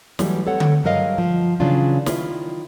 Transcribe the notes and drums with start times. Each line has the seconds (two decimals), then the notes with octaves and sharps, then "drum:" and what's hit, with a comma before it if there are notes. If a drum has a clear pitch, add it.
0.19 E3 F#3 G3 A3, drum: snare
0.46 C4 A4 C#5 F#5
0.60 drum: tom D3
0.84 G2 F#3 G#3 A#4 D#5 F5
1.18 F3
1.60 C#3 E3 F#3 D4 F4
2.06 D#3 E4 F4, drum: snare